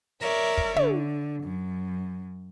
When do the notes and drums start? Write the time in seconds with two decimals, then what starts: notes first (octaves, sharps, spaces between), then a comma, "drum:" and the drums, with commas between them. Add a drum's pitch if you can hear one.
0.20 A#4 C#5 D5 E5
0.57 drum: kick
0.76 D3, drum: tom
1.43 F#2